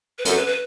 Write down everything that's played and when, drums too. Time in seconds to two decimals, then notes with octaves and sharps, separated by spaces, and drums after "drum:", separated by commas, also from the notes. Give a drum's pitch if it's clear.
0.18 B4
0.25 F#2 A4, drum: hi-hat
0.35 B4
0.46 B4